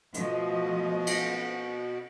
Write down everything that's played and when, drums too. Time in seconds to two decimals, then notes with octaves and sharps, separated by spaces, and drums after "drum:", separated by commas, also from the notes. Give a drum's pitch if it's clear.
0.14 B2 F3 A3 D#5, drum: hi-hat
1.07 drum: cymbal